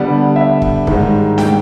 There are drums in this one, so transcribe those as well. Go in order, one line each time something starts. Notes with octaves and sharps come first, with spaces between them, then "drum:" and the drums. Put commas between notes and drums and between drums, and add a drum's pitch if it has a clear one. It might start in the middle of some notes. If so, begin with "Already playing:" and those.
Already playing: D3 G3 B3
E5
drum: kick
G#2 D#3 G3, drum: kick
G5, drum: snare D4